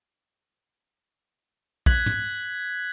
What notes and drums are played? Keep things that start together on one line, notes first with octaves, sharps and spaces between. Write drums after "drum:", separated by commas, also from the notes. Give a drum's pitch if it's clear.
F#6 G#6 B6 F#7, drum: kick
drum: tom